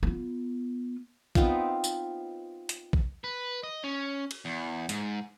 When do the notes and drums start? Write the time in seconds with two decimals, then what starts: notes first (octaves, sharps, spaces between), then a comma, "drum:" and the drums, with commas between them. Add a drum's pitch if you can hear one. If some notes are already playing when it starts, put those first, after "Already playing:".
0.03 B3 F4
1.35 B3 C4 D#4 F4, drum: kick A1
1.84 drum: tambourine
2.69 drum: hi-hat
2.93 drum: kick A1
3.24 B4
3.63 D#5
3.84 C#4
4.31 drum: cymbal
4.45 E2
4.89 G#2, drum: hi-hat